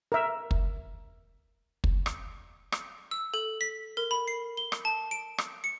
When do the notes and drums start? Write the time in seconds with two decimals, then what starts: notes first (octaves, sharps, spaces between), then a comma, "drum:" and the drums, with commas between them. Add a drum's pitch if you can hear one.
0.12 A#4 E5
0.51 drum: kick
1.84 drum: kick
2.06 drum: rim click
2.72 drum: rim click
3.11 E6
3.34 A4
3.61 B6
3.97 A#4
4.11 B5
4.28 C7
4.57 G7
4.72 drum: rim click
4.85 A5
5.11 D7
5.38 drum: rim click
5.64 C#7